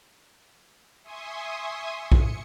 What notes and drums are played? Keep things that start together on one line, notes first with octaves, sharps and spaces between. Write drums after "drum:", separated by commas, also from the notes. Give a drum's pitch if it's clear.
E5 G#5 C6 C#6 D#6
C#7, drum: kick A#1